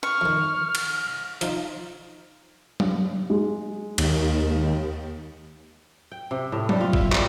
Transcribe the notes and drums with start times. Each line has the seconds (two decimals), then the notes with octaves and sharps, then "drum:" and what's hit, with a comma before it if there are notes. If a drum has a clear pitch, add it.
0.03 C#6 F6
0.21 F2 D#3
0.75 drum: cymbal
1.41 F3 D#4 F4, drum: hi-hat
2.80 drum: tom F#3
3.30 G#3
3.98 D#2, drum: cymbal
6.12 G5
6.31 C3
6.52 A2
6.69 G3, drum: tom F#3
6.81 F4
6.93 E5, drum: kick G1
7.12 G3, drum: clap